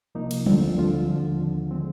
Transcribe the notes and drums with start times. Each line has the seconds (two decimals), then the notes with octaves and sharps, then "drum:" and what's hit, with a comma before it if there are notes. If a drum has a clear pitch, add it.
0.15 C2 C3 F3 A#3 D#4
0.31 drum: cymbal
0.46 D2 D3 F3 C4 F4, drum: tom F#3
0.77 D2 D3 F3 C4 F4
1.08 D#2 D3 F3
1.39 D#2 D3 F3
1.71 D3 F3 G#3 C4